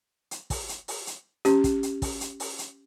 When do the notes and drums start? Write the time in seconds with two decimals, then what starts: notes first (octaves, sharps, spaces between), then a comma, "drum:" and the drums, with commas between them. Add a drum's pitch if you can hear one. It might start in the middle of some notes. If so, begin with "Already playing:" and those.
0.31 drum: hi-hat
0.50 drum: kick, open hi-hat
0.69 drum: hi-hat
0.88 drum: open hi-hat
1.07 drum: hi-hat
1.45 C#4 G4, drum: hi-hat
1.64 drum: kick, hi-hat
1.83 drum: hi-hat
2.02 drum: kick, open hi-hat
2.21 drum: hi-hat
2.40 drum: open hi-hat
2.59 drum: hi-hat